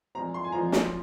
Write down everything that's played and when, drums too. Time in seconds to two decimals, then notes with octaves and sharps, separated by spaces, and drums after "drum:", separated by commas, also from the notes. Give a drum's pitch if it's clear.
0.15 A#2 F3 G#3 C4 A#5
0.34 C6
0.44 G#5
0.52 A#2 F3 G#3 C4 A#5
0.72 drum: snare